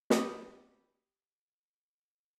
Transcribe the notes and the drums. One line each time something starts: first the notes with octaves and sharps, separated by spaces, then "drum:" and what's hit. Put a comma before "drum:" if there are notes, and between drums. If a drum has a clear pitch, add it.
G4 B5 D#6, drum: snare